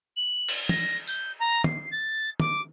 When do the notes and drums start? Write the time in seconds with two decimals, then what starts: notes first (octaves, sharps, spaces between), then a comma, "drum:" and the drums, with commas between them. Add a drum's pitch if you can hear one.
0.16 F#7
0.49 drum: cymbal
0.69 A#6, drum: tom
1.07 G6, drum: tambourine
1.39 A#5
1.64 C7, drum: tom
1.91 A6
2.40 D6, drum: tom